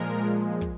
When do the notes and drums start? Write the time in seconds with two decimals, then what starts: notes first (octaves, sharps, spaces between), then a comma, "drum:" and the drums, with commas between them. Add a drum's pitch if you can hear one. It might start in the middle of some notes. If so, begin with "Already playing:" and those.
Already playing: A#2 F3 G#3 A#4
0.61 drum: kick, hi-hat